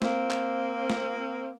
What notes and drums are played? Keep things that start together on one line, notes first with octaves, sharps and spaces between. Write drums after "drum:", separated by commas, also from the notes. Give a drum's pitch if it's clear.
A#3 C4, drum: snare
drum: clap
drum: snare